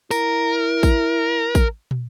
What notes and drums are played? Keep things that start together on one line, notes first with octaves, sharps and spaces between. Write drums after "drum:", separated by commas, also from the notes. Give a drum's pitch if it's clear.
E4 A#4, drum: tambourine
drum: kick, tambourine
drum: kick, tambourine
drum: tom